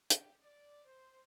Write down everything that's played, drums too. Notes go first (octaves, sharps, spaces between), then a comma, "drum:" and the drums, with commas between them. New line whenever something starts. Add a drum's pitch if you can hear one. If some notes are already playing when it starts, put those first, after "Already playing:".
G4, drum: hi-hat
D5
C5